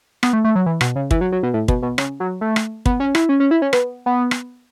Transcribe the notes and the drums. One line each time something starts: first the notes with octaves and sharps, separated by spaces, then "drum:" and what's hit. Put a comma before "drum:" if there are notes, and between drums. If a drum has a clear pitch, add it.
B3, drum: rim click
A3
A3
F#3
E3
B2, drum: rim click
C#3
E3, drum: kick
F#3
F#3
B2
A2
B2, drum: kick
B2
C#3, drum: rim click
F#3
A3
drum: rim click
B3, drum: kick
C#4
E4, drum: rim click
C#4
C#4
E4
C#4
B3, drum: rim click
B3
drum: rim click